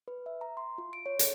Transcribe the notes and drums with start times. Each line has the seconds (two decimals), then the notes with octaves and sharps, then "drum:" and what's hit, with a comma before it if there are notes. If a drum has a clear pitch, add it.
0.08 B4
0.26 E5
0.41 A#5
0.57 C6
0.78 F4
0.93 D7
1.06 C#5
1.19 A4, drum: hi-hat